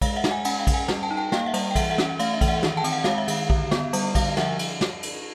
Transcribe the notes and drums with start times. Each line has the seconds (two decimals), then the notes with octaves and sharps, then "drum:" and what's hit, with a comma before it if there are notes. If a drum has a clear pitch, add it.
0.01 G#3 F5, drum: kick A#1, cymbal
0.16 E5 F#5
0.24 G#3, drum: snare
0.31 F#5 G#5
0.45 C#4 F#5 G#5, drum: cymbal
0.59 F5 G5
0.67 C#4, drum: kick A#1, cymbal
0.74 F#5 G#5
0.88 G3, drum: snare
1.03 G5 A5
1.11 D#4
1.17 G5 A5
1.32 A#3 F5 G5, drum: snare
1.46 E5 F#5
1.54 G3, drum: cymbal
1.71 G5
1.75 E3 E5 F#5, drum: kick A#1, cymbal
1.90 E5 F#5
1.98 C#4, drum: snare
2.19 A3 F5, drum: cymbal
2.34 E5
2.41 E3, drum: kick A#1, cymbal
2.48 E5 F#5
2.63 D#3, drum: snare
2.77 G5 A5
2.84 C4, drum: cymbal
2.93 F#5
3.04 G#3 F5, drum: snare
3.18 E5
3.28 D#3 F5, drum: cymbal
3.50 D3, drum: kick A#1
3.71 B3, drum: snare
3.93 G3, drum: cymbal
4.15 D3 F5, drum: kick A#1, cymbal
4.37 F3 E5 F#5, drum: snare
4.59 drum: cymbal
4.81 drum: snare
5.03 drum: cymbal